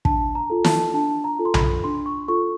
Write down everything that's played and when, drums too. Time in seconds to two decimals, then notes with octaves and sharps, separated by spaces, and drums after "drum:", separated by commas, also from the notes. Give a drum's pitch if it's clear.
0.05 D4 A5, drum: kick
0.35 A#5
0.50 F4 A4
0.64 A5, drum: snare
0.94 D4 A5
1.24 A#5
1.39 F4 A4
1.45 C6
1.54 B5, drum: tom B1
1.84 D4 C6
2.06 C#6
2.28 F4 A4 C#6